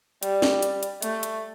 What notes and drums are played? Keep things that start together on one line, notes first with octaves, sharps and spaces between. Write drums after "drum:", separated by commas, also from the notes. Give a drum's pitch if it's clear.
G3, drum: hi-hat
drum: snare
drum: hi-hat
drum: hi-hat
A3, drum: hi-hat
drum: hi-hat